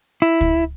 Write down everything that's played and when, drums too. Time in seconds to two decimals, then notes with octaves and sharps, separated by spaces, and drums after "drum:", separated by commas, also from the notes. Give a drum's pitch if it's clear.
0.22 E4
0.41 drum: kick